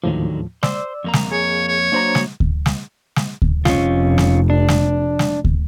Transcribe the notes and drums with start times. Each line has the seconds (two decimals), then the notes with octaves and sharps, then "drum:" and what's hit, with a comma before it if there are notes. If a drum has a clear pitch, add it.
0.04 D#2 A2 D3 D#3 F3 F#3
0.63 C5 D5 E6, drum: snare
1.04 F2 A#3 A#5
1.13 drum: snare
1.32 G#4 C#5
1.68 C#5
1.92 F#3 A#3 D4 C5 A#5
2.15 drum: snare
2.40 drum: kick D2
2.66 drum: snare
3.16 drum: snare
3.42 drum: kick D2
3.65 F1 C#4 F4, drum: snare
4.18 drum: snare
4.50 D4
4.68 drum: snare
5.19 drum: snare
5.45 drum: kick D2